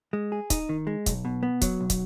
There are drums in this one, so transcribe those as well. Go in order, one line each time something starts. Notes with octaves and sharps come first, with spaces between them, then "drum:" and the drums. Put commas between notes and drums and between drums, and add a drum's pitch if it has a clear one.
G#3
G#4
D#4, drum: kick, hi-hat
D#3
G#3
B1, drum: kick, hi-hat
B2
B3
F#3, drum: kick, hi-hat
B1
drum: kick, hi-hat